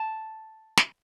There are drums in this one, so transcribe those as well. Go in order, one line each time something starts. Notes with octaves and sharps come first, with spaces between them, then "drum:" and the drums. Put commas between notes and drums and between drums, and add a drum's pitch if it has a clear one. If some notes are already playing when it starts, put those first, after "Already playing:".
Already playing: A5
drum: snare